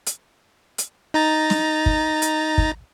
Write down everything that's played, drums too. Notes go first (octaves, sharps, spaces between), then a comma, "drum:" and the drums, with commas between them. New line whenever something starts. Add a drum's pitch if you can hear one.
drum: hi-hat
drum: hi-hat
D#4 A#5 A6
drum: snare
drum: kick
drum: hi-hat
drum: kick